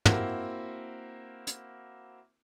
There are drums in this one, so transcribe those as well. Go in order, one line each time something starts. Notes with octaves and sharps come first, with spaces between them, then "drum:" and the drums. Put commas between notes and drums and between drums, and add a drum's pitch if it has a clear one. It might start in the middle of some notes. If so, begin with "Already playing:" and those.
A#3 C4 E4 F#4, drum: tom
drum: hi-hat